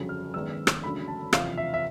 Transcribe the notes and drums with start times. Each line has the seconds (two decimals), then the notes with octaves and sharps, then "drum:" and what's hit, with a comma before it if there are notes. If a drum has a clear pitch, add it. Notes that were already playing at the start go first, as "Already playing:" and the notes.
Already playing: G1 F2 C#3 F#3
0.09 F6
0.34 G#1 F#2 D#3 G#3 B3 E6
0.67 drum: rim click
0.83 E1 D2 C#3 F#3 B5
1.08 A5
1.33 F#1 E2 C3 F3 F5, drum: rim click
1.58 E5
1.74 E5